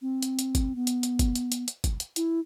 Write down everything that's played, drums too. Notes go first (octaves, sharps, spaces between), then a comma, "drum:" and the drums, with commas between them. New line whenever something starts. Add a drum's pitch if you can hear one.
C4
drum: hi-hat
drum: hi-hat
drum: kick, hi-hat
B3
drum: hi-hat
drum: hi-hat
drum: kick, hi-hat
drum: hi-hat
drum: hi-hat
drum: hi-hat
drum: kick, hi-hat
drum: hi-hat
E4, drum: hi-hat